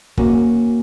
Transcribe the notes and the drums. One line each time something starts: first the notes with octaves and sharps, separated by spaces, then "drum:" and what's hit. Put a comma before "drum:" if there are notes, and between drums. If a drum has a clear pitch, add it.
A#3 C#4 F#4, drum: kick